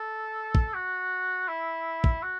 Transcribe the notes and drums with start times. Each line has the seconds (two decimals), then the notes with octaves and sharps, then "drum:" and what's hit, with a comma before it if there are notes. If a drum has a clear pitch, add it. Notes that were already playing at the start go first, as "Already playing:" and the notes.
Already playing: A4
0.55 drum: kick
0.74 F#4
1.48 E4
2.04 drum: kick
2.23 F#4